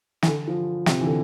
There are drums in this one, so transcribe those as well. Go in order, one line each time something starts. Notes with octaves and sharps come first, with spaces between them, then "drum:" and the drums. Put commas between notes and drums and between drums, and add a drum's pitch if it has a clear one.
E3, drum: snare
D3
F3
C3, drum: snare
E3
D3